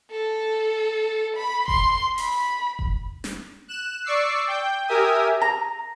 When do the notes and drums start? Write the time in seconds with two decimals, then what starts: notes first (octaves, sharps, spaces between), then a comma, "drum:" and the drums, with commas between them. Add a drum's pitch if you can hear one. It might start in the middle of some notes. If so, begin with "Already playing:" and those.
0.11 A4
1.36 B5
1.68 C6, drum: kick F1
2.18 B5, drum: open hi-hat
2.79 drum: kick F1
3.24 drum: snare
3.68 F#6 E7
4.04 D5 C#6 D6 E6 C7
4.48 G5 G6
4.88 G4 A#4 E5 G#5 D#6
5.42 A#5